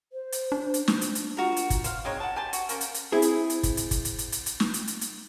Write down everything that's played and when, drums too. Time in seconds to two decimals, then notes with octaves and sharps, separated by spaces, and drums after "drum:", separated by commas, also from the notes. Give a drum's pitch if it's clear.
0.12 C5
0.32 drum: hi-hat
0.52 D4
0.74 drum: hi-hat
0.88 drum: snare
1.01 drum: hi-hat
1.15 drum: hi-hat
1.37 F4 F#4 A#4
1.57 drum: hi-hat
1.70 drum: kick, hi-hat
1.84 C5 F5, drum: hi-hat
2.05 G#3 C4 D#4 C#5
2.20 F#5 A5
2.36 G4 G#5 A5 C6
2.53 F#4, drum: hi-hat
2.69 A#3 C#4 A#4 C5, drum: hi-hat
2.81 drum: hi-hat
2.94 drum: hi-hat
3.12 C4 E4 G#4
3.22 drum: hi-hat
3.50 drum: hi-hat
3.63 drum: kick, hi-hat
3.77 drum: hi-hat
3.91 drum: kick, hi-hat
4.05 drum: hi-hat
4.19 drum: hi-hat
4.32 drum: hi-hat
4.46 drum: hi-hat
4.60 drum: snare
4.74 drum: hi-hat
4.87 drum: hi-hat
5.01 drum: hi-hat